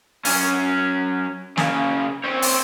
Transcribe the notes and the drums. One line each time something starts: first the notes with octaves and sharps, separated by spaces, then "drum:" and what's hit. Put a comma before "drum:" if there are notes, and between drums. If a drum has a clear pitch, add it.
F#3 C#4, drum: open hi-hat
C#3 A#3, drum: snare
C4 C#5
drum: open hi-hat